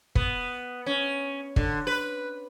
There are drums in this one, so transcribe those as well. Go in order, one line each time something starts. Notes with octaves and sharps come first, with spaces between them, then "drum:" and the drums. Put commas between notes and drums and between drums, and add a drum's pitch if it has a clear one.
B3, drum: kick
C#4
D3, drum: kick
B4